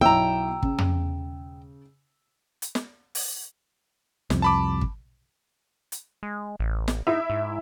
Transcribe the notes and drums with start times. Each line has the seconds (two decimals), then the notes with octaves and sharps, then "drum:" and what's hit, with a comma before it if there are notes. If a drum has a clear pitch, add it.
0.01 B1 E4 G5 A#5 E6
0.62 C#3, drum: kick
0.78 drum: tom
2.62 drum: hi-hat
2.75 drum: snare
3.15 drum: open hi-hat
4.30 C2 F2, drum: snare
4.42 A5 B5 D6
4.81 drum: kick
5.92 drum: hi-hat
6.23 G#3
6.59 A1
6.88 drum: snare
7.07 D#4 E4 E5
7.30 G#2